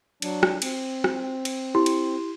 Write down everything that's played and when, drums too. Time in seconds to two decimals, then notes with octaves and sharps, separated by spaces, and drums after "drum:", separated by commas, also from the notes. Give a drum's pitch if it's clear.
0.22 F#3 D4, drum: cymbal
0.43 drum: rim click
0.62 C4, drum: cymbal
1.04 drum: rim click
1.45 drum: cymbal
1.75 E4 G4 C6
1.86 drum: cymbal